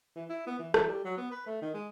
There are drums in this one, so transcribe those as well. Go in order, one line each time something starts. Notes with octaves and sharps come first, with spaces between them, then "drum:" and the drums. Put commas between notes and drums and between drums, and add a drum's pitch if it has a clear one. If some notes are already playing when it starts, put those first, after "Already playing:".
E3
E4
B3
E3
E3, drum: rim click
G3
F#3
B3
B4
A3
D#3
G#3